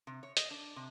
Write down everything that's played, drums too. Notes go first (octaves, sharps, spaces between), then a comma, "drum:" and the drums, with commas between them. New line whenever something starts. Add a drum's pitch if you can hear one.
C3
C#5
D#5, drum: hi-hat
D4
C3